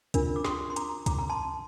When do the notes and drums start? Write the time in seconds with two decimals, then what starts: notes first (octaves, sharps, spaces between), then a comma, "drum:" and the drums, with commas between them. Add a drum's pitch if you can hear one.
0.14 D4 F4 A#4, drum: kick, hi-hat
0.36 D6
0.45 C6 D#6, drum: snare
0.70 C6
0.76 A#5 D6, drum: hi-hat
1.06 A#5 D6, drum: kick, hi-hat
1.19 A#5
1.30 A5 C6